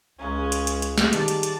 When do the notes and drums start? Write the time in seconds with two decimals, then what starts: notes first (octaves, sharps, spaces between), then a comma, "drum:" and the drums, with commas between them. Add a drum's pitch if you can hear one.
0.19 C#2 G#3 C#4 F5 A#5
0.52 drum: hi-hat
0.67 drum: hi-hat
0.82 drum: hi-hat
0.98 drum: snare
1.13 D#3 G3 A5 D6, drum: hi-hat
1.28 drum: hi-hat
1.43 drum: hi-hat